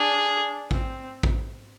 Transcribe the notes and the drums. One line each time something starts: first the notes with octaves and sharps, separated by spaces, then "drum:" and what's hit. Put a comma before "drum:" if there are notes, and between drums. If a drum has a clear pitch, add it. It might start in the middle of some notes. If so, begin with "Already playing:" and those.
Already playing: D4 G#4
C4, drum: kick A1
drum: kick A1